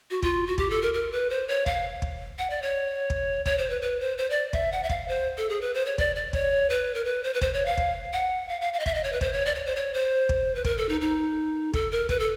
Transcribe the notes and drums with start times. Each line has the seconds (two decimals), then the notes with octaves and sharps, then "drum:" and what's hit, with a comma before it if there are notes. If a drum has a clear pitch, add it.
0.10 F#4
0.22 F4, drum: kick
0.47 F#4
0.58 G4, drum: kick
0.70 A4
0.82 A#4
0.94 A#4
1.12 B4
1.30 C5
1.48 C#5
1.66 F5, drum: kick
2.02 drum: kick
2.39 F#5
2.50 D5
2.62 C#5
3.10 drum: kick
3.46 C#5, drum: kick
3.58 C5
3.70 B4
3.82 B4
4.00 C5
4.18 C5
4.30 D5
4.53 E5, drum: kick
4.72 F#5
4.84 E5
4.89 F5, drum: kick
5.08 C5
5.37 A4
5.49 G#4
5.61 B4
5.74 C5
5.86 C#5
5.98 D5, drum: kick
6.16 D5
6.33 C#5, drum: kick
6.70 B4
6.95 A#4
7.05 B4
7.24 C5
7.34 B4
7.41 C5, drum: kick
7.54 C#5
7.66 F5
7.77 drum: kick
8.13 F#5
8.49 F5
8.61 F5
8.73 F5
8.80 D#5
8.86 E5, drum: kick
8.94 D#5
9.04 C#5
9.12 B4
9.21 C5, drum: kick
9.33 C#5
9.46 D5
9.55 C#5
9.66 C5
9.76 C#5
9.94 C5
10.29 drum: kick
10.55 B4
10.65 A#4, drum: kick
10.78 A4
10.89 D#4
11.01 D#4
11.73 A4, drum: kick
11.91 A#4
12.09 B4, drum: kick
12.19 A4